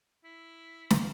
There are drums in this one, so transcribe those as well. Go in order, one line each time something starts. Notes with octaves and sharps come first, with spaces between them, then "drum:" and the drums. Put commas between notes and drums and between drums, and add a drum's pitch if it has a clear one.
E4
drum: snare